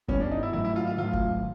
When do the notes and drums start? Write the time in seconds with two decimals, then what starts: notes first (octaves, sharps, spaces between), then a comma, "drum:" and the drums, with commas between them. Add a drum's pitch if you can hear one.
0.08 G2 D#3 G3 B3 C#4, drum: kick
0.20 D4
0.32 D#4
0.43 E4
0.53 G#2 D#3 F#3 A3 E4
0.65 E4
0.76 F4
0.87 F4
0.98 G#2 D#3 F#3 A3 F4
1.13 drum: kick